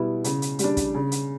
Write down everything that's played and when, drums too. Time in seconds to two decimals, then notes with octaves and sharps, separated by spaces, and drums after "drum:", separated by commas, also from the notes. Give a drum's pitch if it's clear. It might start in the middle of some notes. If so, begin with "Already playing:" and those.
Already playing: B2 G3 B3 E4
0.24 C#3, drum: hi-hat
0.42 drum: hi-hat
0.59 G3, drum: hi-hat
0.64 D4
0.77 drum: kick, hi-hat
0.94 C#3
1.12 drum: hi-hat